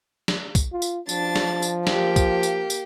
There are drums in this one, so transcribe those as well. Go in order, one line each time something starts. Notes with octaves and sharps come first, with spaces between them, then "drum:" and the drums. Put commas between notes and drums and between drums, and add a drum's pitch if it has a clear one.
drum: snare
drum: kick C2, tambourine
F4
drum: tambourine
F3 D4 A6, drum: tambourine
drum: snare
drum: tambourine
A#3 G4, drum: snare
drum: kick C2, tambourine
drum: tambourine
drum: tambourine